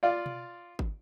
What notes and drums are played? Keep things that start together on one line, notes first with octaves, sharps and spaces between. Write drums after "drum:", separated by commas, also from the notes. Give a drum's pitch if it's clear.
F4 D5
drum: tom B2
drum: kick